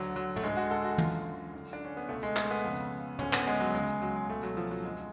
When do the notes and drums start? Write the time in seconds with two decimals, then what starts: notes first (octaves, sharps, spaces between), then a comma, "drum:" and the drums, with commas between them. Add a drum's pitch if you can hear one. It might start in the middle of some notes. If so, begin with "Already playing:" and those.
Already playing: D2 D3 F#3
0.16 F#3
0.36 A3, drum: tom
0.43 D2 D3 G#3
0.57 F#4
0.71 A4
0.84 F#4
0.98 F#2 D3 F4, drum: tom
1.54 F#2 D3
1.73 D4
1.85 C#4
1.97 B3
2.09 C#2 B2 A3
2.23 G#3
2.36 A3, drum: clap
2.50 B3
2.64 F2 C#3
3.19 D2 D3 C#4, drum: tom
3.33 B3, drum: clap
3.47 G#3
3.60 F#3
3.74 C#2 C#3 G#3
4.02 F#3
4.16 G#3
4.29 C#2 B2 A3
4.43 F#3
4.57 F3
4.71 F#3
4.84 F2 D3 G#3